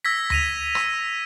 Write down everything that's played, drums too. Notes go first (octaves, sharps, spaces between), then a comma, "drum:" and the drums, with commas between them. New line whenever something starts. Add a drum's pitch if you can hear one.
E6 G#6 A#6 B6
A#6 D#7 F7, drum: tom D2
E6, drum: rim click